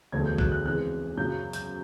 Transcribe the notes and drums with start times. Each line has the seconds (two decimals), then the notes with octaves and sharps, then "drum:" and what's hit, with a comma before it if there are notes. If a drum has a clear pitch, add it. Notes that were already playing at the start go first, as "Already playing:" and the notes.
0.12 E1 D2 D3 F#3 A3 G#6
0.26 G6
0.38 F#6, drum: kick A#1
0.52 F#6
0.65 F2 C#3 E3 G#3 F#6
1.17 F#2 C#3 F#3 G6
1.53 G6, drum: hi-hat